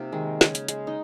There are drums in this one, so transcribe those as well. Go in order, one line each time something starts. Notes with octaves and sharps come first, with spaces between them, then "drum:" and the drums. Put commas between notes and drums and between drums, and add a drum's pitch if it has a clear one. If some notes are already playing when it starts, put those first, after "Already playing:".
Already playing: C3 A#3 D#4 F4
D#3 G#3
C#3, drum: snare
drum: hi-hat
G#3, drum: hi-hat
D#4